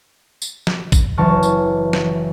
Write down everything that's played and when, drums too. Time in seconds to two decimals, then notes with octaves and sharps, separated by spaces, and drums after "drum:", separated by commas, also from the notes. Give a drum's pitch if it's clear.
0.42 drum: tambourine
0.67 drum: snare
0.92 drum: kick G#1, tambourine
1.17 F#1 E3 A5 C#6 F6
1.43 drum: tambourine
1.93 drum: snare